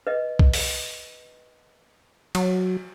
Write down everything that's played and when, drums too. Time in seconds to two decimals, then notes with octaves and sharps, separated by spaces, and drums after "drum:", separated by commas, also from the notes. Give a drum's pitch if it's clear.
0.07 B4 D#5
0.39 drum: kick
0.53 drum: open hi-hat
2.35 F#3, drum: cymbal